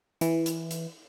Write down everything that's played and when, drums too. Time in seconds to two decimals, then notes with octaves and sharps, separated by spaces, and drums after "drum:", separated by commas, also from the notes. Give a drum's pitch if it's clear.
0.21 E3, drum: hi-hat
0.46 drum: hi-hat
0.71 drum: hi-hat